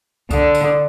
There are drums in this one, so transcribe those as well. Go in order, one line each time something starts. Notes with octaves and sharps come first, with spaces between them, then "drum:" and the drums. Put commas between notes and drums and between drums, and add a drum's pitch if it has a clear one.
D3, drum: kick C2, tambourine
drum: tambourine